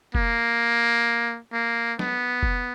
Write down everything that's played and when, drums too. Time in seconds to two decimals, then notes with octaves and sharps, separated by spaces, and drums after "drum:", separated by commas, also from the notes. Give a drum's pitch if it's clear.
0.15 A#3, drum: kick F1
1.53 A#3
1.99 B3, drum: snare F#3
2.43 drum: kick F1